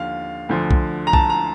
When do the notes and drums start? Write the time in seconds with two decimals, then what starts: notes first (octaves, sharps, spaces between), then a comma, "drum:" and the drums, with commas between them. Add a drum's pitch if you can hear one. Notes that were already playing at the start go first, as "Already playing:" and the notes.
Already playing: D#2 D3 F3 F5
0.49 D2 D3 F3
0.71 drum: kick B1
1.07 A#5
1.13 A5, drum: kick B1
1.30 A#5